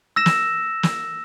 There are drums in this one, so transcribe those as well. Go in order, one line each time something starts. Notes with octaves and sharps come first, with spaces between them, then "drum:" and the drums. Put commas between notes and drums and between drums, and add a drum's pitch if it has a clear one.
E6 A#6 E7
drum: snare
drum: snare